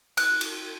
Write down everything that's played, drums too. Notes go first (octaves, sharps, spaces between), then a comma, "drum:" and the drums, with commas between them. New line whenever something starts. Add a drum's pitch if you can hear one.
F#6, drum: cymbal
drum: cymbal